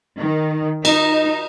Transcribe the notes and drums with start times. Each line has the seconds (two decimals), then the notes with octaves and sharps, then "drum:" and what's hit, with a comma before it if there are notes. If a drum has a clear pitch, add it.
0.18 D#3
0.85 D#4, drum: cymbal